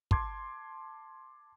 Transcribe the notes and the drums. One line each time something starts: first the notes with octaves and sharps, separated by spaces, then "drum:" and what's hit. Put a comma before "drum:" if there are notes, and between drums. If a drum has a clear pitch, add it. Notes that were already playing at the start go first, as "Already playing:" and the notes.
A5 C6 D6 G#6, drum: kick